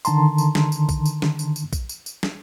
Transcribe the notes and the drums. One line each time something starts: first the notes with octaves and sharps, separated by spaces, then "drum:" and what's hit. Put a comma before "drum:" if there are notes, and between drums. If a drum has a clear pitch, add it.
D3 D#3 A5 A#5 C6, drum: tambourine
drum: tambourine
drum: snare
drum: tambourine
drum: kick A#1, tambourine
drum: tambourine
drum: snare
drum: tambourine
drum: tambourine
drum: kick A#1, tambourine
drum: tambourine
drum: tambourine
drum: snare